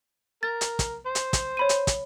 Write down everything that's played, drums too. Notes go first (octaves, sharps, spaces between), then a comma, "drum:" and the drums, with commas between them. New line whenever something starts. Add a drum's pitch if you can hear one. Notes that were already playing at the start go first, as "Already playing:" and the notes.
A#4 A6
drum: hi-hat
drum: kick, hi-hat
C5
drum: hi-hat
drum: kick, hi-hat
C#5 B5 D#7
drum: hi-hat
drum: kick, hi-hat